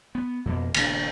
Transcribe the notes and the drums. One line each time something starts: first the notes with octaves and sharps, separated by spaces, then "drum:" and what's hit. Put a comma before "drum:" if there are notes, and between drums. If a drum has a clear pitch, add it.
B3
F2 B2 A#3
D#1 A#2 C#3 D4, drum: cymbal